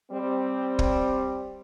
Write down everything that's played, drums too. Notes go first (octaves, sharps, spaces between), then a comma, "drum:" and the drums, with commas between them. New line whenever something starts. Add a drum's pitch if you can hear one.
G3 C4
drum: kick